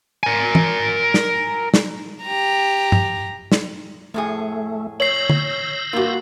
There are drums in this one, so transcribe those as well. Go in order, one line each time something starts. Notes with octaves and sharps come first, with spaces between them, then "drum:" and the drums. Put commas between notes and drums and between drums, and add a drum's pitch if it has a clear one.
A#4 G#5
drum: tom E3
drum: snare
drum: snare
G4 A#5
drum: tom G2
drum: snare
F2 A2 A3 G#4
C#5 E6 G6 A#6 C7 F#7
drum: tom
G2 A#3 F4 F#4